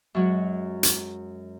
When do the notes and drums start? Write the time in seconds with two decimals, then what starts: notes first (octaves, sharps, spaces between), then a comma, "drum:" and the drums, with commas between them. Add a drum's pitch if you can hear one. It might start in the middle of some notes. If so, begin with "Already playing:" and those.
0.15 F#2 F#3 G#3
0.83 drum: hi-hat